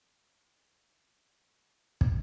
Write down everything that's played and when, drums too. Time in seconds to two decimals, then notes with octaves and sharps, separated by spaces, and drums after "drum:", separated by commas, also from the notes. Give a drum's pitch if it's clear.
1.37 C#5 G5
2.01 drum: kick